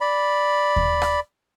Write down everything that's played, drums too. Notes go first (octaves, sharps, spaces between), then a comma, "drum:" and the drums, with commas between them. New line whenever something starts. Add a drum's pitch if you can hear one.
D5 B5
drum: kick D#2
drum: rim click